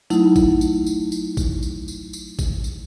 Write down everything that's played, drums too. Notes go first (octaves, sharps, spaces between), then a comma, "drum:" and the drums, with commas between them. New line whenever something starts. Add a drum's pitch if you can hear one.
F#3 A3 D#4 E4, drum: tambourine
drum: kick, tambourine
drum: tambourine
drum: tambourine
drum: tambourine
drum: kick, tambourine
drum: tambourine
drum: tambourine
drum: tambourine
drum: kick, tambourine
drum: tambourine